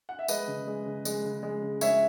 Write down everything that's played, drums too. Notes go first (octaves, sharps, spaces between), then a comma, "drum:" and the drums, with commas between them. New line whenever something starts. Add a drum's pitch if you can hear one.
F#5
E5
G#3 B4 D#5, drum: tambourine
C#3
G#3
C#3
G#3, drum: tambourine
C#3
G#3
C#3
G#3 C#5 E5, drum: tambourine